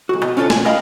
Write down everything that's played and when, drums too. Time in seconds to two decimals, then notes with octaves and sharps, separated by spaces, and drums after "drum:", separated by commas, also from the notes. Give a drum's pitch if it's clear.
0.09 B1 F#4
0.23 B2
0.37 C#4 D4 F4 A4 C#5 A5
0.50 G#5, drum: snare
0.65 A#4 D#5 F5 G5 B5